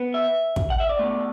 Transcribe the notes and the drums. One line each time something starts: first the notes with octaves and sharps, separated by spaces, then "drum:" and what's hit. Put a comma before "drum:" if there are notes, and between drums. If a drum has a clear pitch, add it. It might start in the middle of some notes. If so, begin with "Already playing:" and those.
Already playing: B3
E5
drum: kick
F#5
E5
D5
B2 A3